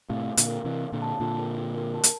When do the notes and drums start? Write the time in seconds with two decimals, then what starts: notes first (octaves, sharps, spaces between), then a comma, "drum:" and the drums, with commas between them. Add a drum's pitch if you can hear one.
0.09 A2 C3 F5
0.28 F5
0.37 A#2 D3, drum: hi-hat
0.46 A#4
0.65 C3 E3 F5
0.83 F5
0.93 A#2 D3
1.02 A5
1.20 A#2 D3 F4
1.39 A#4
1.58 F4
1.75 A#4
1.95 A5
2.04 drum: hi-hat